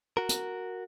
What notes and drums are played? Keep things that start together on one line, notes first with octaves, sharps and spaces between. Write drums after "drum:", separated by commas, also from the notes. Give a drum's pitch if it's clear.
F#4 A#4
drum: hi-hat